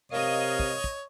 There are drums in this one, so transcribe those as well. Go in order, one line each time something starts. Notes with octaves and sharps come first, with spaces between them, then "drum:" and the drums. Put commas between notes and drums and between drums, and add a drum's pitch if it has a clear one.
C3 A#4 C#5 D#5 F5
drum: kick
drum: kick